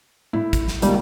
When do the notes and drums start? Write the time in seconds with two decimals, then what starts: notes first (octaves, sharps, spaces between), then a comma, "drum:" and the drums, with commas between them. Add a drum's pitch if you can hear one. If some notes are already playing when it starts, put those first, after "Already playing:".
0.33 A2 E4
0.53 drum: kick, hi-hat
0.68 drum: snare
0.82 C#2 D#3 G3 A#3, drum: hi-hat